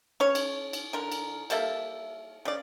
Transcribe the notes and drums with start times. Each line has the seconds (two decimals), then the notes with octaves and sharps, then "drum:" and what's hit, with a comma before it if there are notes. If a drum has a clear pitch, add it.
0.20 C#4 C#5
0.35 drum: cymbal
0.73 drum: cymbal
0.93 D3 A#4
1.12 drum: cymbal
1.50 G3 A#3 A4 E5, drum: cymbal
2.45 C#3 D5